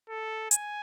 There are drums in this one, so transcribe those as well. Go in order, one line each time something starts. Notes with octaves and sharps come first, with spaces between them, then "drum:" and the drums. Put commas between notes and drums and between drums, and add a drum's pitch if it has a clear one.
A4
G#5, drum: hi-hat